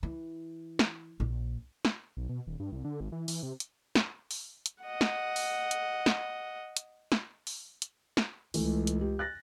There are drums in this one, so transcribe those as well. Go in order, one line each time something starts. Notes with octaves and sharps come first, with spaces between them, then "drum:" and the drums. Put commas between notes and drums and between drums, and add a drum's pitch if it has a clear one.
E3
drum: snare
A#1
drum: snare
B1
B2
D#1
G2
C2
D3
G#1
E3
E3, drum: open hi-hat
C3
drum: hi-hat
drum: snare
drum: open hi-hat
drum: hi-hat
D#5 F#5
drum: snare
drum: open hi-hat
drum: hi-hat
drum: snare
drum: hi-hat
drum: snare
drum: open hi-hat
drum: hi-hat
drum: snare
C#2 E3 A3, drum: open hi-hat
drum: hi-hat
G4
F#6 A6 A#6